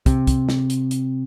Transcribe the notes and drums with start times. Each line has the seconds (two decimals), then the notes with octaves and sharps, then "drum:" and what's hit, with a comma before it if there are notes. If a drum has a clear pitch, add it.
0.06 C3, drum: kick, hi-hat
0.27 drum: kick, hi-hat
0.49 drum: snare
0.70 drum: hi-hat
0.91 drum: hi-hat